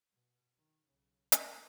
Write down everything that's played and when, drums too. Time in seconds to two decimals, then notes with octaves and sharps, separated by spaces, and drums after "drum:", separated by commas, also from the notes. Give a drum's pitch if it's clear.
0.12 B2
0.56 D#3
0.85 B1 C#3
1.32 C#3, drum: hi-hat